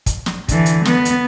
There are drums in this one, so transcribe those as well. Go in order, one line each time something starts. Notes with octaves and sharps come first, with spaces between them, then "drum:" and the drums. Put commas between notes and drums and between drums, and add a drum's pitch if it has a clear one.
drum: kick, hi-hat
drum: snare
D3 E3, drum: kick, hi-hat
drum: hi-hat
B3, drum: snare
drum: hi-hat